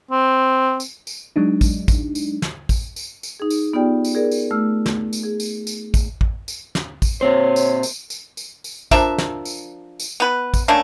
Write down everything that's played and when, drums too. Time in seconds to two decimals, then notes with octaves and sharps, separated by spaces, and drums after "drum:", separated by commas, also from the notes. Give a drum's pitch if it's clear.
0.11 C4
0.80 drum: tambourine
1.07 drum: tambourine
1.36 F#3 G#3 D4 D#4
1.61 drum: kick, tambourine
1.88 drum: kick, tambourine
2.15 drum: tambourine
2.42 drum: snare
2.69 drum: kick, tambourine
2.96 drum: tambourine
3.23 drum: tambourine
3.40 D#4 G#4
3.50 drum: tambourine
3.73 B3 D#4 F4 G4 D5 G5
4.04 drum: tambourine
4.15 G#4 A#4 D5
4.32 drum: tambourine
4.51 A3 E6 F6
4.86 drum: snare
5.13 drum: tambourine
5.23 G#4
5.40 drum: tambourine
5.67 drum: tambourine
5.94 drum: kick, tambourine
6.21 drum: kick
6.48 drum: tambourine
6.75 drum: snare
7.02 drum: kick, tambourine
7.21 A#2 C4 C5 C#5
7.56 drum: tambourine
7.83 drum: tambourine
8.10 drum: tambourine
8.37 drum: tambourine
8.64 drum: tambourine
8.91 F3 D4 A#4 E5, drum: kick, tambourine
9.18 drum: snare
9.45 drum: tambourine
10.00 drum: tambourine
10.20 B3 B4
10.54 drum: kick, tambourine
10.68 A3 A#3 C#4 D4